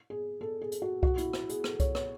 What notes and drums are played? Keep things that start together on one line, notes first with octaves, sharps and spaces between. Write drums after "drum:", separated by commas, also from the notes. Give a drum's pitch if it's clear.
G#4
A4
G#4
drum: hi-hat
F#4
F#4, drum: kick C2
E4, drum: hi-hat
E4, drum: rim click
G#4, drum: hi-hat
A4, drum: rim click
C#5, drum: kick C2, hi-hat
C#5, drum: rim click